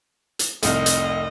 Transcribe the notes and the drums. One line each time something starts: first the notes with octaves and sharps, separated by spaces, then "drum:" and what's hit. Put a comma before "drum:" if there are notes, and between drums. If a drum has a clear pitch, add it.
drum: hi-hat
F1 C2 D#5 F6, drum: hi-hat
drum: hi-hat